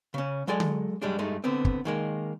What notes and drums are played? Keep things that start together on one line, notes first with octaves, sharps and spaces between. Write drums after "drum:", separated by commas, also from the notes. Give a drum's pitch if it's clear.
C#3 C#4
F#3 G#3 A4 D5 G#5
drum: tom D3
F#2 G3 G#3 D4
G2 G#3 A3 D#4
D3 B3 C4
drum: kick
D#3 G#3 A#3